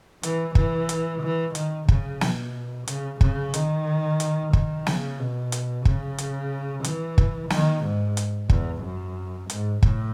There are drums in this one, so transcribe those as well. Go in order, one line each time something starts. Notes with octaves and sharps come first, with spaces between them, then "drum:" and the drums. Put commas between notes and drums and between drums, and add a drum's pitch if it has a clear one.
E3, drum: hi-hat
E3, drum: kick
drum: hi-hat
E3
D#3, drum: hi-hat
C#3, drum: kick
B2, drum: snare
C#3, drum: hi-hat
C#3, drum: kick
D#3, drum: hi-hat
drum: hi-hat
D#3, drum: kick
C#3, drum: snare
B2
drum: hi-hat
C#3, drum: kick
drum: hi-hat
E3, drum: hi-hat
drum: kick
D#3, drum: snare
G#2
drum: hi-hat
E2, drum: kick
F#2
G#2, drum: hi-hat
A2, drum: kick